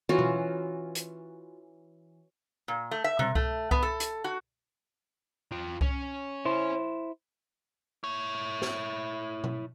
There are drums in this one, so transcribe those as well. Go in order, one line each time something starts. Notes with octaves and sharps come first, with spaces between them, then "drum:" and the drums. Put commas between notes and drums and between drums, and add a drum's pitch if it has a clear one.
E3 C#4 F4 F#4
drum: tom B2
drum: hi-hat
A#2
A3
E5
C3, drum: tom B2
A3, drum: kick C2
B3, drum: kick C2
A4
drum: hi-hat
F#4
F4 G5
C#4 C#5, drum: kick C2
E4 C5
E4 C#5
drum: snare
drum: tom B2